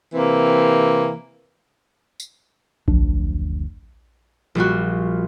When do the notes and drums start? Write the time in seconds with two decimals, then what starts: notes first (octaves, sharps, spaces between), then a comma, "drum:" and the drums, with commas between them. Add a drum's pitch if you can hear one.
0.14 C3 E3 A#3 C4
2.20 drum: tambourine
2.88 F#1 D2 F3 D4, drum: kick A#1
4.55 A#1 G3 F4 F#4